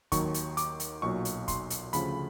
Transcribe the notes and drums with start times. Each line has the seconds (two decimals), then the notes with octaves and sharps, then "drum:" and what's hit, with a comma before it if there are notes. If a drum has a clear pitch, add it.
0.12 D#2 D#3 F#3 C#6, drum: kick, hi-hat
0.34 drum: hi-hat
0.57 D6, drum: hi-hat
0.80 drum: hi-hat
1.02 B1 A#2 F#3 C#6
1.25 drum: hi-hat
1.48 C6, drum: kick, hi-hat
1.70 drum: hi-hat
1.93 D2 C#3 F3 B5, drum: hi-hat